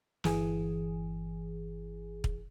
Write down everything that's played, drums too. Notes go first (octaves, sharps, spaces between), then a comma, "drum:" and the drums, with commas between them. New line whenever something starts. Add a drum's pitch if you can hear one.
G1 E3 G#4, drum: snare
drum: kick